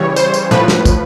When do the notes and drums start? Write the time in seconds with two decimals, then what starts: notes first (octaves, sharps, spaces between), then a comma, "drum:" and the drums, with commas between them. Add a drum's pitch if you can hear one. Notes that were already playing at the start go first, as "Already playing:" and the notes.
Already playing: C#3 E3 G3 C#5
0.16 C5, drum: tambourine
0.34 drum: tambourine
0.51 A2 F3 B4, drum: tom
0.68 drum: snare
0.85 drum: kick, tambourine